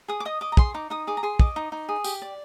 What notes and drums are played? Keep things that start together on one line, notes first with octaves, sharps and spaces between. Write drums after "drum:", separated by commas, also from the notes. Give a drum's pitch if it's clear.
G#4 D#6
D6
D#5 D#6
D#5 D6
A#5
G#4 C6, drum: kick
D#4 D6
D#4 D#6
G#4 D6
A#5
G#4 C6
D#5 D6, drum: kick
D#4
D#4
G#4
G4, drum: tambourine
D5